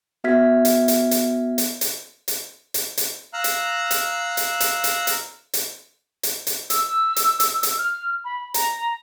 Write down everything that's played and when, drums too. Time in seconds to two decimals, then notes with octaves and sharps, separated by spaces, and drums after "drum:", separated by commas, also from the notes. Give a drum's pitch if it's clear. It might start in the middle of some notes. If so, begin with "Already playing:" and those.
0.24 B3 F#4 E5 F6 G#6 B6
0.65 drum: hi-hat
0.88 drum: hi-hat
1.11 drum: hi-hat
1.58 drum: hi-hat
1.81 drum: hi-hat
2.28 drum: hi-hat
2.74 drum: hi-hat
2.98 drum: hi-hat
3.33 F5 A#5 E6 F#6
3.44 drum: hi-hat
3.91 drum: hi-hat
4.37 drum: hi-hat
4.60 drum: hi-hat
4.84 drum: hi-hat
5.07 drum: hi-hat
5.54 drum: hi-hat
6.23 drum: hi-hat
6.47 drum: hi-hat
6.70 E6, drum: hi-hat
7.16 drum: hi-hat
7.40 drum: hi-hat
7.63 drum: hi-hat
7.78 F6
8.24 B5
8.54 A#5, drum: hi-hat